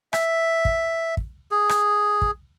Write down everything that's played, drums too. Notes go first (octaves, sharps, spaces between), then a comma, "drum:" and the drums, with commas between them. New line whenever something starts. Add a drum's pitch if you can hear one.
E5, drum: rim click
drum: kick
drum: kick
G#4
drum: rim click
drum: kick